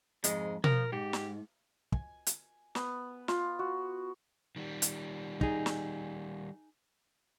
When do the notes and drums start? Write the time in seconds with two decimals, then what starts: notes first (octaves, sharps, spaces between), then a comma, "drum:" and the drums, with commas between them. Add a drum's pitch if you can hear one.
0.24 F2 G#2 G#3, drum: hi-hat
0.64 F3 A#4, drum: tom B2
0.92 G#2 G4
1.13 drum: snare
1.92 G#5, drum: kick
2.27 drum: hi-hat
2.75 B3, drum: snare
3.28 F4, drum: snare
3.59 F#4
4.56 D#3 G3
4.82 drum: hi-hat
5.41 D#4 G#4, drum: kick
5.66 drum: snare